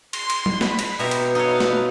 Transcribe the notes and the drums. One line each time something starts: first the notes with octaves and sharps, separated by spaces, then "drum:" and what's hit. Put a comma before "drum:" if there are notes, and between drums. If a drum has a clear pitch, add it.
C6, drum: cymbal
drum: cymbal
drum: tom F#3
B5, drum: snare
drum: cymbal
B2 D#4 G4 C5 E5 A#5
drum: cymbal
D#4 A4 B4 C#5 F5
drum: snare